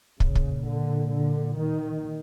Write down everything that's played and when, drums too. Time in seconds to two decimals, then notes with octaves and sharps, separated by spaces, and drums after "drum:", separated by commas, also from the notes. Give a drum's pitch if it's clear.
0.20 A#2 C#3, drum: kick
0.35 drum: kick
0.65 D3
1.10 D3
1.55 D#3